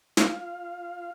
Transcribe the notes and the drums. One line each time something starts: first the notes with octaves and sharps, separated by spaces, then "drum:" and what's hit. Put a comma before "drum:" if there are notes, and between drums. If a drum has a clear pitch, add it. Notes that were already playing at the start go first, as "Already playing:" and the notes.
F4 F5, drum: snare